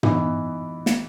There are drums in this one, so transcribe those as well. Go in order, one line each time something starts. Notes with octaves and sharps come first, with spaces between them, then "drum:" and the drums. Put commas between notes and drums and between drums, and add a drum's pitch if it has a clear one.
E3 B3 D#4, drum: tom
drum: snare